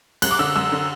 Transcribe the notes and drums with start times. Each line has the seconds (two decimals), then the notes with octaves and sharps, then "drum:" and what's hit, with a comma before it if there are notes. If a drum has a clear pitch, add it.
0.22 F#2 F#6, drum: cymbal
0.31 D6
0.39 D3 E6
0.56 F#2 E6
0.72 D3